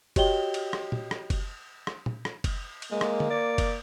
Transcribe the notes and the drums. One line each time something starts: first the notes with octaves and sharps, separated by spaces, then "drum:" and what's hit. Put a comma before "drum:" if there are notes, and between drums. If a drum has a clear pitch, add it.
F#4 G4 C#5 D#5 G5 G7, drum: kick F#1, cymbal
drum: cymbal
drum: rim click
drum: tom A#2
drum: rim click
drum: kick F#1, cymbal
drum: rim click
drum: tom A#2
drum: rim click
drum: kick F#1, cymbal
drum: cymbal
G#3 A#3
drum: rim click
drum: tom D3
D5
drum: kick F#1, cymbal